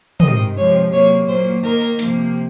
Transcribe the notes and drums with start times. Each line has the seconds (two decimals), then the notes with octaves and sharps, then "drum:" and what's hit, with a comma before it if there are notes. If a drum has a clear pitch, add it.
0.20 C3 D#3 G#3 D#5, drum: tom
0.56 C3 F3 G#3 C#5
0.92 C3 F#3 A#3 C#5
1.27 A#2 F#3 A#3 C5
1.63 D#3 A#3 A#4
1.99 C3 F3 A#3, drum: hi-hat